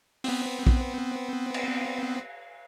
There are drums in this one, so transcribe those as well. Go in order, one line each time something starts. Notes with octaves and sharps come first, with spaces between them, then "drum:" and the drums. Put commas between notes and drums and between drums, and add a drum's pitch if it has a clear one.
B3 C4, drum: open hi-hat
drum: kick A#1
drum: cymbal